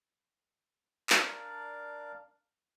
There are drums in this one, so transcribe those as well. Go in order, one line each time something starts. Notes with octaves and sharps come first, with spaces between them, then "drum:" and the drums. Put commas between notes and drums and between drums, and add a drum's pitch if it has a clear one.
D4 A#4 D5 F5, drum: clap